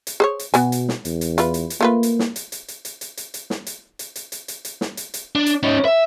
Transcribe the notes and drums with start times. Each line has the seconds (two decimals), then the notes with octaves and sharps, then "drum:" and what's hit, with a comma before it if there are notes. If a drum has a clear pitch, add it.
0.07 drum: hi-hat
0.20 G#4 C5 C#5
0.39 drum: hi-hat
0.54 B2 B3 F#4 G#5, drum: hi-hat
0.72 drum: hi-hat
0.89 drum: snare
1.05 E2, drum: hi-hat
1.21 drum: hi-hat
1.38 E4 F4 B4, drum: hi-hat
1.54 drum: hi-hat
1.70 drum: hi-hat
1.81 A3 A#3 F4 B4
2.03 drum: hi-hat
2.19 drum: snare
2.36 drum: hi-hat
2.52 drum: hi-hat
2.68 drum: hi-hat
2.85 drum: hi-hat
3.01 drum: hi-hat
3.17 drum: hi-hat
3.34 drum: hi-hat
3.50 drum: snare
3.66 drum: hi-hat
3.99 drum: hi-hat
4.16 drum: hi-hat
4.32 drum: hi-hat
4.48 drum: hi-hat
4.65 drum: hi-hat
4.81 drum: snare
4.97 drum: hi-hat
5.14 drum: hi-hat
5.35 D4
5.46 drum: hi-hat
5.63 C#4 D#4
5.85 E5